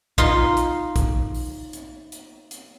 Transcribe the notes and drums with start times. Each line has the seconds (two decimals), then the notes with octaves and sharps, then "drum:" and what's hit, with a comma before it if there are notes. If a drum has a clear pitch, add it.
0.18 D#4 F4 C6, drum: kick
0.57 drum: hi-hat
0.96 drum: kick, hi-hat
1.34 drum: open hi-hat
1.73 drum: hi-hat
2.12 drum: hi-hat
2.51 drum: hi-hat